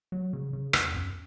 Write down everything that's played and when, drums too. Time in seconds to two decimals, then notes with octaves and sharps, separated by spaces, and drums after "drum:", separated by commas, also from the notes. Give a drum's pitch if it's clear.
0.12 F#3
0.33 C#3
0.53 C#3
0.73 E2, drum: rim click
0.95 F#2